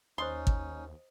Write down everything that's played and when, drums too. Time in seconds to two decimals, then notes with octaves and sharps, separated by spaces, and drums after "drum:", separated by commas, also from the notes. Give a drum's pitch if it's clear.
0.18 D#2 C#4 D#4 C5 D#5 C6 D#6
0.47 drum: kick